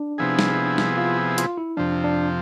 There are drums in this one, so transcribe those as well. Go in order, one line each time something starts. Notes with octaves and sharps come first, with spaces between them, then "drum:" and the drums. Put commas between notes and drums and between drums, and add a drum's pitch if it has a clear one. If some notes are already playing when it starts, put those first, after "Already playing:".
Already playing: D4
C3 F3 B3 E4 G#4
drum: snare
drum: snare
F4
F4, drum: hi-hat
E4
F2 C3 F3 D4
D4